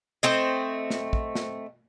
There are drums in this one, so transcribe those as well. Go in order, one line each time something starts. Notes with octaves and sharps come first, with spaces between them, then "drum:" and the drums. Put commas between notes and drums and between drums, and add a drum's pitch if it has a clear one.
A3 C4 D#5
drum: snare
drum: kick
drum: snare